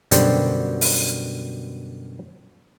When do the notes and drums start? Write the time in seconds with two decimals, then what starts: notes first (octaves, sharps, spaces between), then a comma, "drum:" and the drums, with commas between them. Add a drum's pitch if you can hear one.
0.11 F#2 B2 D3 G3 C5, drum: hi-hat
0.81 drum: open hi-hat